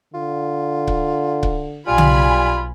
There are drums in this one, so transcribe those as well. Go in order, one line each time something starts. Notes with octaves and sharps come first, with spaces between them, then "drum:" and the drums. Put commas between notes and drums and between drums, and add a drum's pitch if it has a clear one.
D3 F4
drum: kick C#1
drum: kick C#1
B1 G3 F4 G#5 B5
drum: tom C#3